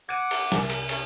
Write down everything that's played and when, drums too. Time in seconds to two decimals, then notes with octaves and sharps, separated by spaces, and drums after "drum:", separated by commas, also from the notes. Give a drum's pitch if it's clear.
0.09 F#5 D6 G#6 D#7
0.31 drum: cymbal
0.52 C2 A#4 G#5, drum: snare
0.70 drum: cymbal
0.89 C#4 C#5, drum: cymbal